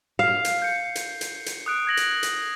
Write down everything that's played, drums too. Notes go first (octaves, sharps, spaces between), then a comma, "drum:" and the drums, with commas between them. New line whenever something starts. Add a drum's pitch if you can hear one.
F5 C7
drum: hi-hat
G6 C#7
drum: hi-hat
drum: hi-hat
drum: hi-hat
D#6 F#6 D7
G#6 A#6 F#7
drum: hi-hat
drum: hi-hat